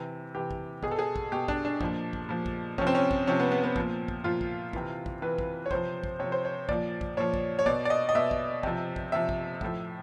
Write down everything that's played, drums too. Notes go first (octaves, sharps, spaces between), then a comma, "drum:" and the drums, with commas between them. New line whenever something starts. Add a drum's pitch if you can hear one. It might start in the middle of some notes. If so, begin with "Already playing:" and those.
Already playing: C3 E3
C3 E3 G4
drum: kick
B2 G#4, drum: kick
A4
G#4
drum: kick
B2 G4
D4, drum: kick
D4
A#2 F3, drum: kick
drum: kick
A#2 F3
drum: kick
C3 F3 C#4, drum: kick
C4
C#4
drum: kick
C3 F3 C#4
B3
B3
B3
A#2 F3, drum: kick
drum: kick
A#2 F3 F4
drum: kick
C3 E3, drum: kick
drum: kick
C3 E3 B4
drum: kick
C#5
C3 F3 C5, drum: kick
drum: kick
C3 F3 C#5
C5
C#5
A#2 F3 D5, drum: kick
drum: kick
A#2 F3 C#5
drum: kick
C#5
B2 D5, drum: kick
D5
D#5
D#5
B2 E5
drum: kick
C3 F3, drum: kick
drum: kick
C3 F3 E5
drum: kick
A2 F3, drum: kick